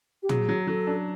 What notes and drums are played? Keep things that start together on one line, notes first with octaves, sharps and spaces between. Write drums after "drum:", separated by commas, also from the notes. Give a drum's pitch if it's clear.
G4
F#3 G#4, drum: tom
F#3
F#3 A4
D4